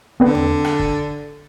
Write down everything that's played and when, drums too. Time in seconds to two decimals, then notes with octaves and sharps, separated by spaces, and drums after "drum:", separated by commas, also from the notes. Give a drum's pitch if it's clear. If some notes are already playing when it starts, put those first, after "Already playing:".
0.20 D3 B3 C4 B4
0.35 drum: tom E2
0.65 drum: rim click
0.79 drum: kick